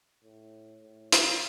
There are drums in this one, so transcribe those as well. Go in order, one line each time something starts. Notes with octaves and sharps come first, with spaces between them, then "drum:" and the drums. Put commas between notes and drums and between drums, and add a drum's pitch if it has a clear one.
A2
A2
A#2, drum: hi-hat